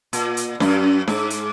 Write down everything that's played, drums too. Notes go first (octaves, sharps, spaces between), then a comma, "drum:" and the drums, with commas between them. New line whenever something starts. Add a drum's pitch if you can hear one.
A#2, drum: hi-hat
drum: hi-hat
F#2, drum: snare D4
G#2, drum: snare D4
drum: hi-hat